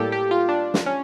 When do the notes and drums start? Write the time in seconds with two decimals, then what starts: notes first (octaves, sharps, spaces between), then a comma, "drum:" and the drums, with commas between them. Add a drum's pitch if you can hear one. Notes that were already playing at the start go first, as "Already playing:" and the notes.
Already playing: A2 G3 A#3 G4 A4
0.12 G4
0.31 F4
0.49 D4
0.74 drum: snare
0.86 C#4